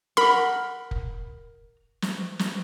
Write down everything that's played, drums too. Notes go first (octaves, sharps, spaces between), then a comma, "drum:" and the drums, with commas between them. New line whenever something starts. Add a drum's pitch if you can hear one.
A#4 F#5 B5
drum: kick
drum: snare
drum: snare